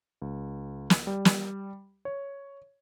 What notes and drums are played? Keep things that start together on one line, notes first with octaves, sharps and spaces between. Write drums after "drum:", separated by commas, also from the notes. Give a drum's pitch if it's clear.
C#2
drum: snare
G3
drum: snare
C#5